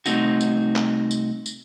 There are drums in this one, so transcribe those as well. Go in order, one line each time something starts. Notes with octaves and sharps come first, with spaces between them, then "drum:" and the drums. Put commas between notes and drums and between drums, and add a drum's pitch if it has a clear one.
C2 A#2 A3 C4 D#4 F#4, drum: tambourine
drum: tambourine
drum: clap
drum: tambourine
drum: tambourine